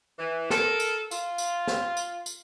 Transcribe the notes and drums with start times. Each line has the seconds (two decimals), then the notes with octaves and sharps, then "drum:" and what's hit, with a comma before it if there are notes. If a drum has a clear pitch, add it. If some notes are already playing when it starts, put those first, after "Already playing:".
0.18 E3
0.50 A4 A#4, drum: snare
0.80 drum: tambourine
1.11 F4, drum: tambourine
1.38 drum: tambourine
1.68 drum: snare
1.97 drum: tambourine
2.26 drum: tambourine